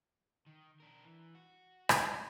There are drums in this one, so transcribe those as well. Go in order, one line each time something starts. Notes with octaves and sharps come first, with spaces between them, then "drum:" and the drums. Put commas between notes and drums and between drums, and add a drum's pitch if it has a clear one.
D#3
D4 A#4
E3
F#4
A2 C#3, drum: rim click